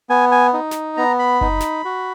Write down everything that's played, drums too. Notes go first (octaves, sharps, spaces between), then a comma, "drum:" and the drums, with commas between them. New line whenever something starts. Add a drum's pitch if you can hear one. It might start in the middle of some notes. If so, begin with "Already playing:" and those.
B3 G#5
G#5
D#4
drum: snare
B3 A#5
B5
D#4, drum: kick F#1
drum: snare
F#4